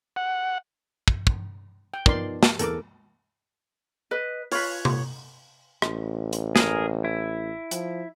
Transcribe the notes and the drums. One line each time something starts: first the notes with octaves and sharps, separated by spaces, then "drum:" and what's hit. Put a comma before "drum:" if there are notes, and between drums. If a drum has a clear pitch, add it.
F#5
drum: kick
drum: kick
G5
F3 B3 D#4 A#4 D5 C6, drum: kick
G4, drum: snare
E2 E3 A4 A#4 D6, drum: hi-hat
B4 D#5
F4 B4 C#5, drum: open hi-hat
drum: tom C3
A1, drum: rim click
drum: hi-hat
G#4 A#4, drum: snare
E4
F3, drum: hi-hat